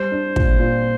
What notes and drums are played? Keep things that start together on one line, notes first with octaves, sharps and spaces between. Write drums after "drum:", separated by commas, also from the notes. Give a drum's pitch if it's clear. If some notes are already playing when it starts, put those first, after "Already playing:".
Already playing: G3 C5
D4
A#2, drum: kick
A#2